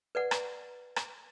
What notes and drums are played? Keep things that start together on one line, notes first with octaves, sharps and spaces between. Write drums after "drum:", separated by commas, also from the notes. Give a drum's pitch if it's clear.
B4 D5 F#5
drum: rim click
drum: rim click